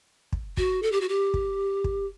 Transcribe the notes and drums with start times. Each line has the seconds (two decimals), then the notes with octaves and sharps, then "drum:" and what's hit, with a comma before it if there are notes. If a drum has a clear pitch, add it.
0.33 drum: kick
0.57 F#4, drum: kick
0.83 A4
0.92 G4
1.01 F#4
1.09 G4
1.34 drum: kick
1.84 drum: kick